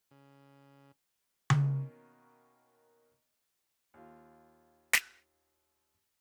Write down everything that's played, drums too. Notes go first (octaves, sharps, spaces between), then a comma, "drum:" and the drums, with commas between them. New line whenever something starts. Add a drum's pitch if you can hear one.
C#3
B2 D#3 A#3 C#4, drum: tom C#3
D#2 F4
drum: snare